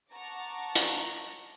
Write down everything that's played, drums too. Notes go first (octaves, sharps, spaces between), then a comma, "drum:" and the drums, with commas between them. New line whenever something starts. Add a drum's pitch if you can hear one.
F#5 A5 A#5 C#6 D6
drum: hi-hat